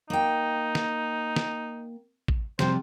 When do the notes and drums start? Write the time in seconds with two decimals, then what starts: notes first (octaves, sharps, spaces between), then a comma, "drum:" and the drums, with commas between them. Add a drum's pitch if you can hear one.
0.10 A#3 D#4 G5
0.75 drum: snare
1.36 drum: snare
2.28 drum: kick
2.59 C3 F3 G3 C5, drum: snare